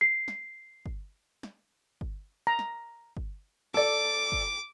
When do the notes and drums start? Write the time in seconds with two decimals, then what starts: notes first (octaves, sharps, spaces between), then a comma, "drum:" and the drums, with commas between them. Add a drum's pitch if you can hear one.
0.01 C7
0.28 drum: snare
0.86 drum: kick G1
1.43 drum: snare
2.01 drum: kick G1
2.47 A#5
2.59 drum: snare
3.17 drum: kick G1
3.74 A4 D5 D6, drum: snare
4.32 drum: kick G1